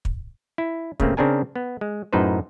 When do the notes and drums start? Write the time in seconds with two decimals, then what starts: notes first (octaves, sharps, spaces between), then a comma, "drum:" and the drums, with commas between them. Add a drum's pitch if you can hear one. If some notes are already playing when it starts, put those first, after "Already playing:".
0.05 drum: kick
0.58 E4
1.00 C#3 A3 A#3 C4, drum: kick
1.17 C#3 C4 D4 A#4 G#5
1.56 B3
1.81 G#3
2.13 F#2 A2 D#4 B4 C5